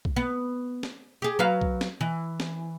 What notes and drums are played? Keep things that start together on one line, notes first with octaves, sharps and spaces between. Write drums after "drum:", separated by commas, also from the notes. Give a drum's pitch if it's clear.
drum: kick
B3
drum: snare
G4 G#4
F#3 B4 F5
drum: kick
drum: snare
E3
drum: snare